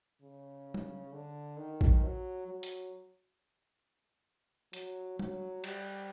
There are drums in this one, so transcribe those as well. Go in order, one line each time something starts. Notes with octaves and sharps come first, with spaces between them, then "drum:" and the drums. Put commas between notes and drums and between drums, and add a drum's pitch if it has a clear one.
C#3
drum: tom F#3
D3
D#3
drum: kick A#1
F#3
F#3
drum: hi-hat
F#3, drum: hi-hat
F#3, drum: tom F#3
G3, drum: cymbal